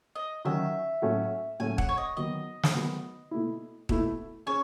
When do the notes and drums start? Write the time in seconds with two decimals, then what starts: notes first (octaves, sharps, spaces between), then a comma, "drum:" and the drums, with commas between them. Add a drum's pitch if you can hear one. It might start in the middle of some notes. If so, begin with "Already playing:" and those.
0.16 D#5
0.45 D#3 F#3 C#4 F#4 E5
1.02 A2 F#3 C#4 F#4 A4
1.60 A2 F#3 C#4 F#4 A4 G#5
1.78 F#5, drum: kick
1.89 C#5
1.98 D#5
2.17 D#3 F#3 B3 D#5
2.63 drum: snare
2.75 D#3 F#3 B3
3.31 B2 A3 E4
3.89 B2 A3 E4, drum: kick
4.46 C#4 G#4 C#5